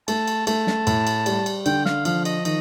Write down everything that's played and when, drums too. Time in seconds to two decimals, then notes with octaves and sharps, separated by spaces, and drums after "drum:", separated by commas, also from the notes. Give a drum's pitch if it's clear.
0.08 A3 A5, drum: cymbal
0.28 drum: cymbal
0.47 A3 A5, drum: cymbal
0.67 drum: snare
0.87 A2, drum: cymbal
1.07 drum: cymbal
1.26 G3, drum: cymbal
1.46 drum: cymbal
1.66 D3 G5, drum: cymbal
1.86 F5, drum: snare
2.05 F3 F5, drum: cymbal
2.25 D#5, drum: cymbal
2.45 D#3 D#5, drum: cymbal